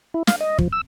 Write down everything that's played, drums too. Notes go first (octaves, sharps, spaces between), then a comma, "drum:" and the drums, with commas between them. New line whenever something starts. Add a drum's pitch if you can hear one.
E4
F5, drum: snare
D#5
F3, drum: kick
E6